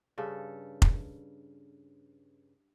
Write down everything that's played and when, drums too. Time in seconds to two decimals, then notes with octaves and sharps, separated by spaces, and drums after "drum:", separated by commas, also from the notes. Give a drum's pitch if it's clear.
0.18 G2 C#3 A4
0.82 drum: kick F1